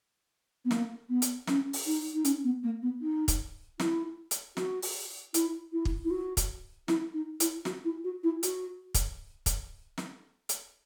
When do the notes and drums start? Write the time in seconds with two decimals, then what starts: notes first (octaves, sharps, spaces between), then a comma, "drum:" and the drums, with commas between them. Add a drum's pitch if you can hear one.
0.65 B3
0.71 A#3, drum: snare
1.09 B3
1.22 drum: hi-hat
1.47 C#4, drum: snare
1.73 drum: open hi-hat
1.86 D#4
2.14 D#4
2.25 C#4, drum: hi-hat
2.44 B3
2.63 A#3
2.82 B3
3.01 D#4
3.28 drum: kick, hi-hat
3.79 E4, drum: snare
4.31 drum: hi-hat
4.57 F#4, drum: snare
4.82 drum: open hi-hat
5.34 E4, drum: hi-hat
5.72 E4
5.85 drum: kick
6.05 E4
6.11 F#4
6.37 drum: kick, hi-hat
6.88 E4, drum: snare
7.14 D#4
7.40 E4, drum: hi-hat
7.65 F#4, drum: snare
7.84 E4
8.04 F#4
8.23 E4
8.43 F#4, drum: hi-hat
8.94 drum: kick, hi-hat
9.46 drum: kick, hi-hat
9.98 drum: snare
10.49 drum: hi-hat